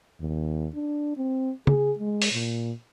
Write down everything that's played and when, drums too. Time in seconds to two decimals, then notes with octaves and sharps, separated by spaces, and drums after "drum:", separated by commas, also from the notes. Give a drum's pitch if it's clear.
0.20 D#2
0.75 D4
1.17 C4
1.67 G#4, drum: tom
1.99 G#3
2.22 drum: open hi-hat
2.32 A#2